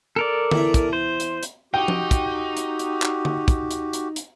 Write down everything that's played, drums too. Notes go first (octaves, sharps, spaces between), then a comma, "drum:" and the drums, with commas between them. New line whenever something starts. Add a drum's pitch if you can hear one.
A4 A#4 D5
E2 E4 E5, drum: tom D3
drum: kick, hi-hat
C5
drum: hi-hat
drum: hi-hat
D#4 F#4 G4 G5
drum: tom F3
drum: kick, hi-hat
drum: hi-hat
drum: hi-hat
drum: clap
drum: tom D3
drum: kick, hi-hat
drum: hi-hat
drum: hi-hat
drum: hi-hat